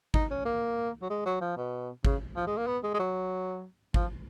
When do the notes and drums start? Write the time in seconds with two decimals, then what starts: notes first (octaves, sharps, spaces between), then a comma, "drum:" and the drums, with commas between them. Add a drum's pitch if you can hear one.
0.14 D#4, drum: kick G#1
0.30 C#4
0.45 A#3
1.02 F#3
1.09 G#3
1.25 F#3
1.41 F3
1.57 B2
2.05 C#3, drum: kick G#1
2.36 F3
2.47 G#3
2.57 A#3
2.67 B3
2.83 G#3
2.94 G#3
2.99 F#3
3.94 F3, drum: kick G#1